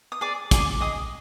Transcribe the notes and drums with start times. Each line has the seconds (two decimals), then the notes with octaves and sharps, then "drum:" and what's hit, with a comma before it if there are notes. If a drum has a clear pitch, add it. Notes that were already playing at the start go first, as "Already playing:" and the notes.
0.12 D#6
0.21 G#4 D5 D6
0.51 G#4 D5, drum: kick, hi-hat
0.80 G#4 D#5 D#6